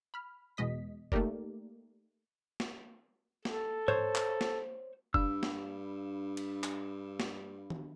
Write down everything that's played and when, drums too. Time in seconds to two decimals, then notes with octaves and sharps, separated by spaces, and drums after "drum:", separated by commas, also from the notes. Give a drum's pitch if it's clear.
0.14 B5 F6
0.57 E2 B2 G#3 D#5 B6
1.12 A3 A#3 D#4 G4 A#4 D5, drum: kick F#1
2.60 drum: snare
3.45 A4, drum: snare
3.88 C5 C#5, drum: tom G#2
4.15 drum: clap
4.41 drum: snare
5.14 G2 D4 F5 B5 E6, drum: kick F#1
5.43 drum: snare
6.37 drum: cymbal
6.63 drum: clap
7.20 drum: snare
7.70 drum: tom D#3